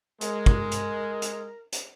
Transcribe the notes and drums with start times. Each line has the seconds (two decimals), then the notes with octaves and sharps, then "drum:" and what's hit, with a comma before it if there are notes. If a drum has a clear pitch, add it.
0.21 G#3 A#4, drum: hi-hat
0.46 drum: kick
0.72 drum: hi-hat
1.22 drum: hi-hat
1.73 drum: hi-hat